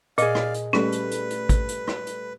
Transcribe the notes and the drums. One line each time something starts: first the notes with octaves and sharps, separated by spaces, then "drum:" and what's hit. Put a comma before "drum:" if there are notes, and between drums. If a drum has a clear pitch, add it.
A#2 G#4 D5 D#5 F5, drum: hi-hat
drum: rim click
drum: hi-hat
G3 A3 C#4 B4, drum: rim click
drum: hi-hat
drum: hi-hat
drum: hi-hat
drum: kick, hi-hat
drum: hi-hat
drum: rim click
drum: hi-hat